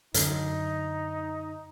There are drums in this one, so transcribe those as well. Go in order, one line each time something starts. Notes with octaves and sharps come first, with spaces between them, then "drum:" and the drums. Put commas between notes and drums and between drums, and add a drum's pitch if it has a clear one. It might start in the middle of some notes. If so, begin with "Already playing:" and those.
F#2 D3 D#4, drum: hi-hat